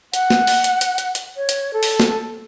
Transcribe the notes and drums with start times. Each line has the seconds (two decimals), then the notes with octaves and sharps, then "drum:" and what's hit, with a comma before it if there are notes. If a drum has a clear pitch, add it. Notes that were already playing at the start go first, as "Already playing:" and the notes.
0.14 F#5, drum: hi-hat
0.30 drum: snare
0.47 drum: open hi-hat
0.64 drum: hi-hat
0.81 drum: hi-hat
0.98 drum: hi-hat
1.15 drum: hi-hat
1.37 C#5
1.49 drum: hi-hat
1.73 A4
1.83 drum: open hi-hat
2.00 drum: snare